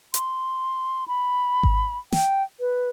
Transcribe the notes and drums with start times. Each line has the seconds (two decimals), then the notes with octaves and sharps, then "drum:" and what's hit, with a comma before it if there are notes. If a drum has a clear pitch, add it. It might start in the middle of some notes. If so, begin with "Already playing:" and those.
0.14 C6, drum: hi-hat
1.08 B5
1.63 drum: kick G#1
2.12 G5, drum: snare
2.60 B4